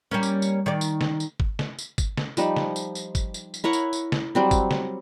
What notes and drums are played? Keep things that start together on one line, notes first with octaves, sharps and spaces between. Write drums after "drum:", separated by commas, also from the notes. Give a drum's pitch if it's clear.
G3 A#3 C#4
drum: tambourine
drum: tambourine
D#3 D5
drum: tambourine
drum: snare
drum: tambourine
drum: kick
drum: snare
drum: tambourine
drum: kick, tambourine
drum: snare
F3 G3 D#4, drum: tambourine
drum: snare
drum: tambourine
drum: tambourine
drum: kick, tambourine
drum: tambourine
drum: tambourine
E4 A#4 C#5 F#5
drum: tambourine
drum: tambourine
drum: snare
F#3 G3 C4
drum: kick, tambourine
drum: snare